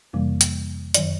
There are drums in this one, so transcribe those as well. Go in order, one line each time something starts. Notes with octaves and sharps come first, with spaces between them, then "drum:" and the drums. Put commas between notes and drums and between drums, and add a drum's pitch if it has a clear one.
F2 C3 E3 G3 A#3
drum: hi-hat
F#2 D#3 F#3 D5, drum: hi-hat